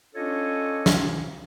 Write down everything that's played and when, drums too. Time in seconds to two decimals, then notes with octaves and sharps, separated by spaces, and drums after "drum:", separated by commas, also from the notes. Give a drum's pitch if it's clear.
0.14 C#4 D4 F4 A4 C#5 D#5
0.86 drum: snare